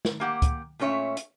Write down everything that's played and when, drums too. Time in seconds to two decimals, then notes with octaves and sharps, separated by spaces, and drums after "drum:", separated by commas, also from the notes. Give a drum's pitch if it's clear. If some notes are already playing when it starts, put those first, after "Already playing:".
0.05 drum: snare
0.20 A#3 G4 F#5
0.42 drum: kick, hi-hat
0.79 A#2 A3 C#4 C#5 E5
1.17 drum: hi-hat